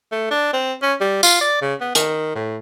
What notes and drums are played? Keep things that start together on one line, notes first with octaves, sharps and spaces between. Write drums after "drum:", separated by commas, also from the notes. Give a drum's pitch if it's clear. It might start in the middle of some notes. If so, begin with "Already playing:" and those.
A3
D4
C4
C#4
G3
F4, drum: tambourine
D5
C#3
B3
D#3, drum: hi-hat
A2